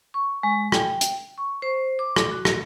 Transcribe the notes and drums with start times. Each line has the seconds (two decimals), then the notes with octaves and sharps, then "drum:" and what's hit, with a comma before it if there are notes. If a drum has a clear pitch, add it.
0.14 C#6
0.43 G#3
0.72 G5, drum: rim click
1.01 drum: hi-hat
1.38 C#6
1.62 C5
1.99 D6
2.16 drum: rim click
2.31 F#4
2.45 drum: rim click